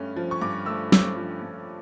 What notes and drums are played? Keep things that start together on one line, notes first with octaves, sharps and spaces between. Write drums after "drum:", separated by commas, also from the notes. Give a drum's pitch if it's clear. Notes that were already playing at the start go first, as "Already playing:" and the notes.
Already playing: G2 A3 C#4
F3
C#6
G2 D6
A3 E6
C#4 E6, drum: snare
F3
G2